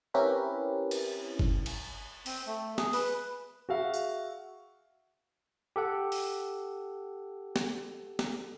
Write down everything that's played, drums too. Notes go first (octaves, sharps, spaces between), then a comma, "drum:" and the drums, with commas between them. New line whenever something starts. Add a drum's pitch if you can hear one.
C4 C#4 E4 G4 A#4 B4
drum: cymbal
drum: kick F#1
drum: cymbal
C4, drum: open hi-hat
A3
G#4, drum: snare
B4, drum: open hi-hat
F#4 G#4 E5 F5
drum: tambourine
G4 A4 F#5
drum: open hi-hat
drum: snare
drum: snare